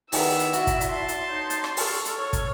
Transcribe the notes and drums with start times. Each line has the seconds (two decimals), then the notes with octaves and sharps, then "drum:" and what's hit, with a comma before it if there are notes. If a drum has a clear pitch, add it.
0.12 D#3 B3 E4 D5 E6, drum: open hi-hat
0.39 drum: hi-hat
0.53 F#4, drum: hi-hat
0.67 drum: kick, hi-hat
0.81 drum: hi-hat
0.90 A5 C6
1.08 drum: hi-hat
1.28 D#4 C#5 G6
1.50 drum: hi-hat
1.64 drum: rim click
1.77 A4 C#6 F6, drum: open hi-hat
2.05 drum: hi-hat
2.16 C#5
2.33 drum: kick, hi-hat